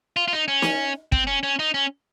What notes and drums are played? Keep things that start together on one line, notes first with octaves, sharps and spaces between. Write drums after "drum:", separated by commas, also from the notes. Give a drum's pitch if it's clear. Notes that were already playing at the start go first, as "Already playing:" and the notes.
F4
F4
D#4
C#4
drum: snare
C4, drum: kick
C#4
C#4
D#4
C#4